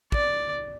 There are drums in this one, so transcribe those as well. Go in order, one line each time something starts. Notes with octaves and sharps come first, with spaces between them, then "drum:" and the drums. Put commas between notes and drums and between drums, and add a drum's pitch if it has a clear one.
D5, drum: kick